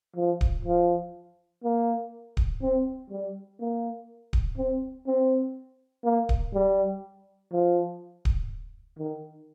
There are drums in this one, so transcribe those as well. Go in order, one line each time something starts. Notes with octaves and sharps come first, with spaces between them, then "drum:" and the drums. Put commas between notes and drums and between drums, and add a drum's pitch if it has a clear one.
F3
drum: kick D1
F3
A#3
drum: kick D1
C4
G3
A#3
drum: kick D1
C4
C4
A#3
drum: kick D1
G3
F3
drum: kick D1
D#3